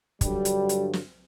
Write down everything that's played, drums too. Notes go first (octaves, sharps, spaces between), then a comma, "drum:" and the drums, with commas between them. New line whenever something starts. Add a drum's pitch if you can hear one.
G2 D3 F#3 G3, drum: kick, hi-hat
drum: hi-hat
drum: hi-hat
drum: snare